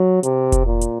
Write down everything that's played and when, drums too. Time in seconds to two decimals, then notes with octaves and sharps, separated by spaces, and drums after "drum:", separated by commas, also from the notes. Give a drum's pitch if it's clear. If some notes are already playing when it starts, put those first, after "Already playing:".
Already playing: F#3
0.23 C3, drum: hi-hat
0.52 drum: kick F1, hi-hat
0.66 A#2
0.81 drum: hi-hat